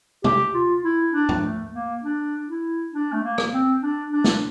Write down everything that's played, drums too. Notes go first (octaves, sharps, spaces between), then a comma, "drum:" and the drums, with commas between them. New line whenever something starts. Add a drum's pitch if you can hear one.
G4, drum: tom
F4
E4
D4
drum: tom
A3
A#3
D4
E4
D4
A3
A#3
drum: rim click
C4
D4
D4
drum: snare